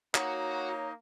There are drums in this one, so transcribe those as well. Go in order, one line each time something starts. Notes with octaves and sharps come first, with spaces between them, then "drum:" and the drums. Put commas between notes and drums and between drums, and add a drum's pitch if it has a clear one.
A#3 D#4 F#4 C#5 F#5, drum: clap